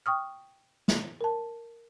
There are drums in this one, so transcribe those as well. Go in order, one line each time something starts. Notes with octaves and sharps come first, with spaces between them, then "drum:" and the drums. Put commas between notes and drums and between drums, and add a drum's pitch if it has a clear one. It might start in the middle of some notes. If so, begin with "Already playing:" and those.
G5 C#6 D#6 F6
drum: snare
A#4 A5